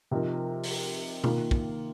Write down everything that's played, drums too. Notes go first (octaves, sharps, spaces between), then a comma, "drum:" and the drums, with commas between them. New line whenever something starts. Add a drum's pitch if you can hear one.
C3 F3 D#4 A#4
drum: open hi-hat
D#3 A#3 F4, drum: tom B2
drum: kick